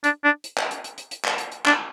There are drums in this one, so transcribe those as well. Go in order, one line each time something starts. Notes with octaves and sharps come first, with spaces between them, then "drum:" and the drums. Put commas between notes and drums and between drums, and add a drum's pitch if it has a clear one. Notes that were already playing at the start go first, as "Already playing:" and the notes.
D4, drum: hi-hat
D4
drum: hi-hat
drum: clap
drum: hi-hat
drum: hi-hat
drum: hi-hat
drum: hi-hat
drum: clap
drum: hi-hat
drum: hi-hat
D4, drum: clap